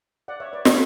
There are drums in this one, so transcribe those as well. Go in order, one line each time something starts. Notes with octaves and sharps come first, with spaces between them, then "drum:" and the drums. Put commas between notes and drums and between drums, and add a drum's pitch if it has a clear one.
D5 F#5
C#5 E5
B4 D5
B3 F#4 A4 C#5, drum: snare